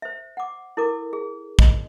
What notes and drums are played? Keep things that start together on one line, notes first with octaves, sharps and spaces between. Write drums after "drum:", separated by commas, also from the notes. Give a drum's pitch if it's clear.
C5 E5
F#5 D6
E4 A4 A#4 D6
G#4
D#5, drum: kick